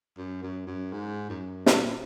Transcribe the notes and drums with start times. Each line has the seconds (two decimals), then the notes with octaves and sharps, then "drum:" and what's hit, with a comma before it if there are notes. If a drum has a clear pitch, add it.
0.17 F#2
0.43 F#2
0.67 F#2
0.92 G#2
1.30 F#2
1.66 A#2, drum: snare